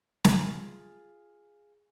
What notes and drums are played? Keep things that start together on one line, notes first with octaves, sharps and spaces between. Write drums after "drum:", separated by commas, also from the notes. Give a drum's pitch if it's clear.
F4 G#4, drum: snare